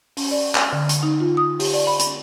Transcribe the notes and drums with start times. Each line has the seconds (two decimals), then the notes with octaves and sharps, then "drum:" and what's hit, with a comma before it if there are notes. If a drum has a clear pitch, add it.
0.17 C#4, drum: open hi-hat
0.31 D5
0.55 G#5, drum: clap
0.73 D3
0.89 drum: hi-hat
1.03 D#4
1.20 F4
1.37 D#6
1.60 G4, drum: open hi-hat
1.74 D5
1.87 B5
1.99 B5, drum: hi-hat